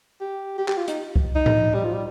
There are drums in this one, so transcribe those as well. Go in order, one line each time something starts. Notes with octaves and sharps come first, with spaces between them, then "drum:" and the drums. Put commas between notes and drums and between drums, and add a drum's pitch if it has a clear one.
G4
G4
G4, drum: clap
F4
D#4, drum: hi-hat
drum: kick C2
D#4
drum: tom A2
G3
F3
G3